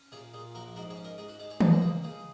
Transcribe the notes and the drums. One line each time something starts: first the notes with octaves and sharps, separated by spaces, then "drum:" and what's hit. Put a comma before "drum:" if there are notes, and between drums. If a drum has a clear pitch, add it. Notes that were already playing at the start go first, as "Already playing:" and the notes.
Already playing: C#4
A#2 G#4 C#5
A#2 G#4
A#1 F#4 A#4
G#2 F#4 A#4
G#4 C#5
C#4
A#4 D#5
G#2 G#4
F#4
G#3 G#4
G#4 C#5
A#3 G#4, drum: tom D#3
F#4
C#2 G#4
C#3 G#4